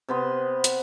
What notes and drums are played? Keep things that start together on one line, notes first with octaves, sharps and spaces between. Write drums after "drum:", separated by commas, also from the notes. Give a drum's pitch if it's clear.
C3 B3 C6
drum: hi-hat